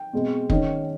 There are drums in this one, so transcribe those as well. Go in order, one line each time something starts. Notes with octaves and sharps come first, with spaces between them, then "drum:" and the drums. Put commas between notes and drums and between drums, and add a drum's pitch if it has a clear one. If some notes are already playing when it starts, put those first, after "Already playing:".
Already playing: G5
B2 G#3 C4
D#3 G#3 C#4, drum: kick